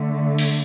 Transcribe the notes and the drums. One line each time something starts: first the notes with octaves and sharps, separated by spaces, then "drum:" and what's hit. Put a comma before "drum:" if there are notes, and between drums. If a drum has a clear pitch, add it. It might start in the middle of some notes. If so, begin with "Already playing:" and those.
Already playing: D3 A3
drum: cymbal